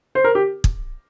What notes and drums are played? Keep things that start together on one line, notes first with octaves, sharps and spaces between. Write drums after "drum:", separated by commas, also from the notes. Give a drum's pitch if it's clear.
C5
A#4
G4
drum: kick